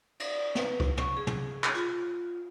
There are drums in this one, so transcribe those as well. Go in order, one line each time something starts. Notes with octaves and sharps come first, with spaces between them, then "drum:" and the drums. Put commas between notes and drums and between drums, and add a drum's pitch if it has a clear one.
D5, drum: cymbal
B4, drum: snare
drum: kick C#2
C#6, drum: tom
G#4
drum: tom
drum: clap
F4, drum: hi-hat